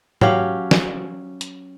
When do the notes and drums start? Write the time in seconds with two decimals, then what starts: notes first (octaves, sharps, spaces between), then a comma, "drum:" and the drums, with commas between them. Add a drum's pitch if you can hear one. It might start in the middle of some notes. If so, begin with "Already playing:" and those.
0.21 F#3 C#4 G4 F5, drum: tom G#2
0.71 drum: snare
1.41 drum: hi-hat